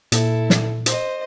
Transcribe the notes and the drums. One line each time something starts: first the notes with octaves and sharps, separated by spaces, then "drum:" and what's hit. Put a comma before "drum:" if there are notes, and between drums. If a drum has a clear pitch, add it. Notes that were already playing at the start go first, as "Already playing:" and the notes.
A#2 E4 A4, drum: hi-hat
drum: snare
C5 D#5, drum: hi-hat